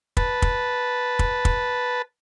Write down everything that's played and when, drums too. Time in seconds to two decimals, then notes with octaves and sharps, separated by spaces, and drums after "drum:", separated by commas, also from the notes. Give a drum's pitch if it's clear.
0.17 B4 A5, drum: kick
0.42 drum: kick
1.19 drum: kick
1.45 drum: kick